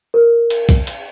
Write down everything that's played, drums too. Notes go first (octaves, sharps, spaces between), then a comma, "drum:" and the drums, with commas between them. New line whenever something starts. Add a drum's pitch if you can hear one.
A#4
drum: cymbal
drum: kick, cymbal
drum: cymbal